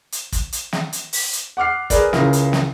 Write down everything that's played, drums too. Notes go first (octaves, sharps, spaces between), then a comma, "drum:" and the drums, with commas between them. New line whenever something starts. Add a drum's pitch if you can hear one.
drum: hi-hat
drum: kick, hi-hat
drum: hi-hat
drum: snare
drum: hi-hat
drum: open hi-hat
drum: hi-hat
F#5 D6 F6 C7
G#4 A#4 B4 D5, drum: kick, hi-hat
C#2 C#3 E4 A#4, drum: snare
drum: hi-hat
drum: snare